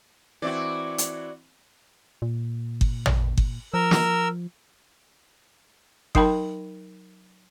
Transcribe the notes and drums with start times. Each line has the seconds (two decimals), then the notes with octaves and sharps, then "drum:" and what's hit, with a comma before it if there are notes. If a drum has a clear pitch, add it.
0.42 E3 C4 E4 F#4 D5
0.98 drum: hi-hat
2.22 A#2
2.81 drum: kick G1
3.06 drum: tom
3.38 drum: kick G1
3.74 F3 A#4 E6
3.91 drum: snare
6.15 F#3 D#4 A#4 G5 A5 B5, drum: kick G1